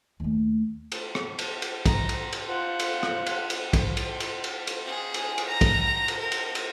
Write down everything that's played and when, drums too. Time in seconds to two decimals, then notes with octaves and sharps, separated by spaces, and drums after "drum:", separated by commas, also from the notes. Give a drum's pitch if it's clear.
0.20 D#2 A3
0.92 drum: cymbal
1.15 drum: rim click
1.39 drum: cymbal
1.62 drum: cymbal
1.86 A#5, drum: kick, cymbal
2.09 drum: cymbal
2.32 drum: cymbal
2.47 F4 C5 F#5
2.79 drum: cymbal
3.03 drum: rim click
3.26 drum: cymbal
3.50 drum: cymbal
3.73 drum: kick, cymbal
3.97 drum: cymbal
4.20 drum: cymbal
4.44 drum: cymbal
4.67 drum: cymbal
4.86 G#4
5.14 drum: cymbal
5.38 drum: cymbal
5.49 A#5
5.61 drum: kick, cymbal
6.08 drum: cymbal
6.18 A#4
6.32 drum: cymbal
6.55 drum: cymbal